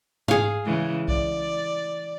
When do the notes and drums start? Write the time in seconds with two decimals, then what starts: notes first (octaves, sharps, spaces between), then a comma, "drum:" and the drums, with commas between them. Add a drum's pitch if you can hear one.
0.28 G#4 F5, drum: tom G#2
0.64 C#3 E3 G#3
1.08 D5, drum: kick B1